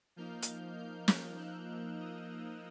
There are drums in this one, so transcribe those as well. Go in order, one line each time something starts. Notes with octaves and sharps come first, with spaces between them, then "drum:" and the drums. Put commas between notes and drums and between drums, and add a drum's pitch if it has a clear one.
F3 A#3 D#4 F6 G6
drum: hi-hat
F6 G6
F6 G6, drum: snare
E6 F#6
D#6 F6
F6 G6